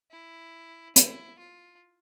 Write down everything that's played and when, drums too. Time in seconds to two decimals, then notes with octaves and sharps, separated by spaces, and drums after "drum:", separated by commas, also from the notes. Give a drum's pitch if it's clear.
0.11 E4
0.96 E4, drum: hi-hat
1.39 F4